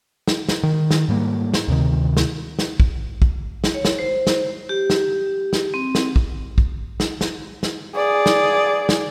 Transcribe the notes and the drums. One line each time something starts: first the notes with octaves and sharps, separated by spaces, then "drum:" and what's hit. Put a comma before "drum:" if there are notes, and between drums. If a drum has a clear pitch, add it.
drum: snare
drum: snare
D#3
drum: snare
G#2 G3 A#3
drum: snare
D2 C3 D#3
drum: snare
drum: snare
drum: kick
drum: kick
drum: snare
C#5
drum: snare
C5
drum: snare
G4
drum: snare
drum: snare
C4
drum: snare
drum: kick
drum: kick
drum: snare
drum: snare
drum: snare
G#4 D5
drum: snare
drum: snare